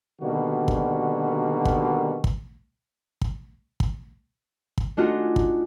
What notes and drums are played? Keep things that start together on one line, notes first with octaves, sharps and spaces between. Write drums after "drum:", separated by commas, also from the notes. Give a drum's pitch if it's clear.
B2 D3 D#3 G3 A#3 F#4
drum: kick
drum: kick
drum: kick
drum: kick
drum: kick
drum: kick
A3 D4 D#4 F4 F#4 G#4
drum: kick